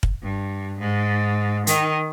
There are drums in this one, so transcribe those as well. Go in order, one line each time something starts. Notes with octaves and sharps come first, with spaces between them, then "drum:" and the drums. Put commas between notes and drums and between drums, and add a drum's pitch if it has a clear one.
drum: kick
G2
G#2
D#3, drum: hi-hat